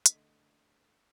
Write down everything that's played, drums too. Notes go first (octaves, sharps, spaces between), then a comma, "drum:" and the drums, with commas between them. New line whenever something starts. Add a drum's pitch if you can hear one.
D3 A3 D#5 B6, drum: hi-hat